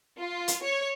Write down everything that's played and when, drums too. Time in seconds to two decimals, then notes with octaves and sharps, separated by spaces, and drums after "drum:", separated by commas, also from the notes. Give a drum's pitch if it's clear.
0.18 F4
0.48 drum: hi-hat
0.62 C#5